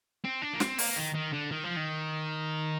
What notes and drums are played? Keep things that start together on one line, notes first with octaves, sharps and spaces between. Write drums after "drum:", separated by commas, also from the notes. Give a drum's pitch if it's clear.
C4
D4
A#3
C4, drum: snare
A#3, drum: open hi-hat
D#3
D#3
D3
D#3
F3
D#3